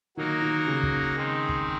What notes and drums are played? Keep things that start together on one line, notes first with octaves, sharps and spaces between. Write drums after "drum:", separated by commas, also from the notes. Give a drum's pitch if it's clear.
D#3 F#3 A#3 D#4 F#4 A#4
D#3
C#3
drum: kick
D#3 G#3 C4 D#4
drum: kick